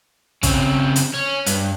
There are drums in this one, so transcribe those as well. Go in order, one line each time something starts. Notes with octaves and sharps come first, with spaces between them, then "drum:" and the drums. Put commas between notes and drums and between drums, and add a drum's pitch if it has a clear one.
C#3 C4, drum: kick, hi-hat
drum: hi-hat
C#4
G2, drum: hi-hat